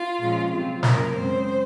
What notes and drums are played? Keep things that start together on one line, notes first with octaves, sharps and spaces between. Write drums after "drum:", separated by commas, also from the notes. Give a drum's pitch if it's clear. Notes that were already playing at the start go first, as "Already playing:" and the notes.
Already playing: F4
A#2 F3 G#3 C#4
C3 F#3 C4 F4
F#2 C#3 F#3 A#3 A#4, drum: snare
F#2 C#3 G#3 C4 C5